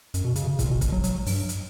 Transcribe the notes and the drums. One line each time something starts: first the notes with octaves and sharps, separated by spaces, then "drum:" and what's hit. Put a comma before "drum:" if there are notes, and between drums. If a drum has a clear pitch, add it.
F#2, drum: hi-hat
B2
C#3, drum: hi-hat
C#3
A#2, drum: kick, hi-hat
B2
drum: kick, hi-hat
F#3
F#3, drum: hi-hat
G2, drum: open hi-hat
drum: hi-hat